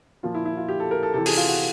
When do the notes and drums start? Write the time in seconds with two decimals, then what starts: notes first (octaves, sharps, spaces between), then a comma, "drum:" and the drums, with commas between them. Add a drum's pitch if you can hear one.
0.23 A#2 F3 F4
0.35 E4
0.46 E4
0.57 F4
0.68 G4
0.80 A4
0.91 A#4
1.03 A4
1.14 C3 E3 A4
1.26 G#4, drum: open hi-hat
1.37 F4
1.48 F#4